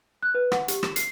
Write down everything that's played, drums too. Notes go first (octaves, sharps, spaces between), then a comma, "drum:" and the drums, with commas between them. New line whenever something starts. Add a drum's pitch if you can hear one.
F#6
B4
F#5, drum: rim click
G4, drum: hi-hat
E7, drum: rim click
C7, drum: hi-hat